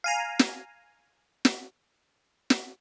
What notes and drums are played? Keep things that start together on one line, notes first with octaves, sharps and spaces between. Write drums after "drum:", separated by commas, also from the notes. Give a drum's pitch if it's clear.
F5 G#5 A#5
drum: snare
drum: snare
drum: snare